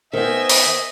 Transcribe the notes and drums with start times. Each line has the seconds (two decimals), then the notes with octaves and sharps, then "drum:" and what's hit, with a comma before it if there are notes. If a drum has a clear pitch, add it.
0.13 D#3 B3 C5 D#5 E5 G#5
0.49 drum: open hi-hat